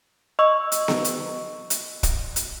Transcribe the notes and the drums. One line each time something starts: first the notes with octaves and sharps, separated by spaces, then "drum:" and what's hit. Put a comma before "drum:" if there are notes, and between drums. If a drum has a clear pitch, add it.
D#5 C#6 E6
drum: hi-hat
drum: snare B3
drum: hi-hat
drum: hi-hat
drum: kick, hi-hat
drum: hi-hat